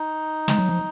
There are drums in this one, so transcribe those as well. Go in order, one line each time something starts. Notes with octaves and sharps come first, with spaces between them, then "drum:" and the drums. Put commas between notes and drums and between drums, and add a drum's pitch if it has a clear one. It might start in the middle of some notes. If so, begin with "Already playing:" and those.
Already playing: D#4
G#3, drum: snare
F#3
F3